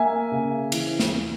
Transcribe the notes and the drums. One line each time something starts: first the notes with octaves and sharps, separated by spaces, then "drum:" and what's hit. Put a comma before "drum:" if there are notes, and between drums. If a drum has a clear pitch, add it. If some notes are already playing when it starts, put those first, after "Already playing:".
Already playing: A#3 E5 G#5
C#3
E3, drum: cymbal
drum: snare